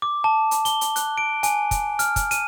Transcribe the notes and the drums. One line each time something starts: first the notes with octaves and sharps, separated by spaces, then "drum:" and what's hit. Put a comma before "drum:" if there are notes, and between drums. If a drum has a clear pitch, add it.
D6
A5
drum: hi-hat
G7, drum: hi-hat
drum: hi-hat
F#6, drum: hi-hat
D7
G#5, drum: hi-hat
drum: kick, hi-hat
F6, drum: hi-hat
drum: kick, hi-hat
D#7, drum: hi-hat